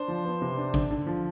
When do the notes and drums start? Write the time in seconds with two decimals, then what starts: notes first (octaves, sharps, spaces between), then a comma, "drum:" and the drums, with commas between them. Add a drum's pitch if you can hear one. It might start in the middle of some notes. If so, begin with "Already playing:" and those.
Already playing: D4 C5
0.08 F3
0.25 B3
0.42 C3
0.57 D4
0.74 D3, drum: kick
0.91 D3
1.07 F3